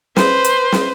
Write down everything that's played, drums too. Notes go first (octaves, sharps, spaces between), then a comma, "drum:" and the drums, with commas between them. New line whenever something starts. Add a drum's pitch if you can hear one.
B4 C5, drum: snare
drum: hi-hat
drum: snare